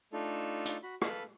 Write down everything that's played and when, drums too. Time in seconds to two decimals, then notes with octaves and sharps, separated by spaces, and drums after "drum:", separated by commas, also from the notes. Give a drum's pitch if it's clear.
0.13 A3 D4 D#4 F4 A4
0.66 drum: hi-hat
0.83 F#4 B5
1.02 A4 B4 F5 B5, drum: rim click